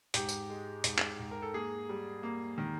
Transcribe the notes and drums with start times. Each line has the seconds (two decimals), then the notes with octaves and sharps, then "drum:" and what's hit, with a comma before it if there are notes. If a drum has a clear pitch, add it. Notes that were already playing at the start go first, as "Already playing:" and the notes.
0.14 G#2 G4, drum: hi-hat
0.29 drum: tambourine
0.50 G#3
0.84 G#2, drum: hi-hat
0.98 drum: clap
1.19 G#2
1.31 A#4
1.42 A4
1.54 A#3 G#4
1.89 G3
2.23 A#3
2.58 D#3